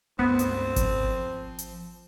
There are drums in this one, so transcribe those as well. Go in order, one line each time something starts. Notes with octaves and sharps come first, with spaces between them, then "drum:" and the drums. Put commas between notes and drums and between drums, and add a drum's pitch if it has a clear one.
C#2 G2 A3 B3 C4
drum: hi-hat
F3, drum: kick G#1, hi-hat
drum: hi-hat